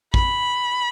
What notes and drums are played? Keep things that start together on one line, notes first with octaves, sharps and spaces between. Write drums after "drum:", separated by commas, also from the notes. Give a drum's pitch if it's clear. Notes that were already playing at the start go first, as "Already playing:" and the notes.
B5, drum: kick A1